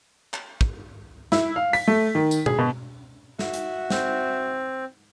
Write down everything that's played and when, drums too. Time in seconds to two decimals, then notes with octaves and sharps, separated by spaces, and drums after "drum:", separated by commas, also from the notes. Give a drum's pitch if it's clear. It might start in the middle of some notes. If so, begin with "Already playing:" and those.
0.34 drum: clap
0.61 drum: kick
1.32 E4, drum: snare
1.56 F5
1.73 B6, drum: open hi-hat
1.88 A3
2.15 D#3
2.31 drum: tambourine
2.46 G#4, drum: tom B2
2.59 B2
3.39 F#4 E5, drum: snare
3.54 drum: hi-hat
3.90 C4, drum: snare